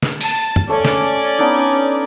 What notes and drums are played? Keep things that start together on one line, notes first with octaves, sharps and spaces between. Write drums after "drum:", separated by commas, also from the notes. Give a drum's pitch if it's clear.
drum: snare
A5, drum: open hi-hat
drum: tom
A3 C#4 C#5 D5
drum: snare
B3 D4 D#4